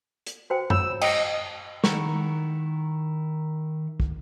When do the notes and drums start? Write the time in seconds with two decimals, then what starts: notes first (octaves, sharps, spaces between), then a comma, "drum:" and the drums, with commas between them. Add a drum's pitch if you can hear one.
0.27 drum: hi-hat
0.50 F#4 C5 G5
0.70 C#5 B5 E6, drum: tom F#2
1.01 D#5 G5, drum: cymbal
1.84 D#3 E4 F#5 A#5 C#6, drum: snare
4.00 drum: kick